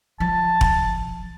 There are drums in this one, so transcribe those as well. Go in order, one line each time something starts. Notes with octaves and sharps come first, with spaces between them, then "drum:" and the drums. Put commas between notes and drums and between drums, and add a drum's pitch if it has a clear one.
F3 A5
drum: kick E1